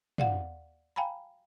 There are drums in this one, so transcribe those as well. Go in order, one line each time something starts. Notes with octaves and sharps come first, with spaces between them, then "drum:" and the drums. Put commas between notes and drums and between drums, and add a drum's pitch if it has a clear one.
D5 F5 F#5, drum: tom
F5 G5 G#5 A#5 B5